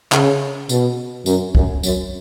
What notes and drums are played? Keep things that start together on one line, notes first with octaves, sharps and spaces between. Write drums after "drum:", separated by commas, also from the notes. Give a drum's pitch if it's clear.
C#3, drum: clap
B2, drum: tambourine
F#2, drum: tambourine
F#2, drum: kick
F#2, drum: tambourine